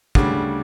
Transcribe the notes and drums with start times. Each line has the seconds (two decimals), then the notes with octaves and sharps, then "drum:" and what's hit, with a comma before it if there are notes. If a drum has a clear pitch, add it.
0.15 D2 C#3 G3 D4, drum: kick